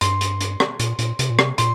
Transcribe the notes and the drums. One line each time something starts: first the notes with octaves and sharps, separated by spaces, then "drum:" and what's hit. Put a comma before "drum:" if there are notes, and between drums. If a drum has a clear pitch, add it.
G2 C6, drum: hi-hat
drum: hi-hat
drum: hi-hat
drum: rim click
A#2, drum: hi-hat
A#2, drum: hi-hat
C3, drum: hi-hat
A#2
C3, drum: rim click
A#2 C6, drum: hi-hat